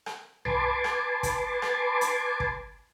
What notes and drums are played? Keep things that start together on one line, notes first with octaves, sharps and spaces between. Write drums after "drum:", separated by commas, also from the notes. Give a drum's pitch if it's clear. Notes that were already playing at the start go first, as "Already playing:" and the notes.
drum: rim click
B4 G#5 A5 C6 D6, drum: tom B1
drum: rim click
drum: kick, hi-hat
drum: rim click
drum: hi-hat
drum: kick